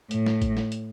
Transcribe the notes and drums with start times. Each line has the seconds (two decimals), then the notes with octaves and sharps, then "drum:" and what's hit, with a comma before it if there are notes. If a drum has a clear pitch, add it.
0.11 A2, drum: hi-hat
0.26 drum: snare
0.42 drum: kick, hi-hat
0.57 drum: snare
0.72 drum: hi-hat